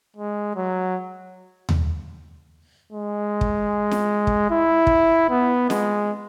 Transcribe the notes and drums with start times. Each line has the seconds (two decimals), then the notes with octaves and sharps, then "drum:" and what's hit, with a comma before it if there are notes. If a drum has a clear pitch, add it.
0.16 G#3
0.56 F#3
1.69 drum: tom D#2
2.93 G#3
3.41 drum: kick
3.91 drum: snare
4.27 drum: kick
4.51 E4
4.87 drum: kick
5.30 B3
5.70 G#3, drum: snare